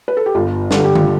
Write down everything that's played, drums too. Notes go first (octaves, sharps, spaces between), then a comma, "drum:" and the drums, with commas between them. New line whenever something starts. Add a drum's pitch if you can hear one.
B4
A4
G4
G1 F4
G2 D3 G3 A4, drum: snare
G4
F4, drum: tom D#3